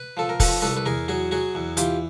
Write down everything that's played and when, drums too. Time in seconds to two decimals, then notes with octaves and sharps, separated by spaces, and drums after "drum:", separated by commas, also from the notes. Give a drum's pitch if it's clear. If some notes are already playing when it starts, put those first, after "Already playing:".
Already playing: B4
0.17 F3 A4
0.29 A#4
0.40 F3 A4 B4, drum: kick, open hi-hat
0.62 C2 A4 B4
0.77 B4
0.86 E2 G#4 A#4
1.08 F#3 F#4 G#4
1.31 F#3 F#4 G#4
1.55 E2
1.77 E3 F4 G4, drum: hi-hat